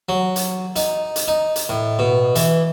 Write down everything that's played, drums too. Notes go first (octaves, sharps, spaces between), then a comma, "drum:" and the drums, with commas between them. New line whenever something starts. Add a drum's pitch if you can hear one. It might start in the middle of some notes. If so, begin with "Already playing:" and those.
F#3
drum: hi-hat
D#4, drum: hi-hat
drum: hi-hat
D#4
drum: hi-hat
A2
B2
E3, drum: hi-hat